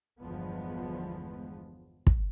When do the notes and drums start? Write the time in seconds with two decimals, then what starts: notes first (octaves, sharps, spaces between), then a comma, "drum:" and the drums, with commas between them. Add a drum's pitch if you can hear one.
0.21 G1 E2 F3 G#3 B3
2.07 drum: kick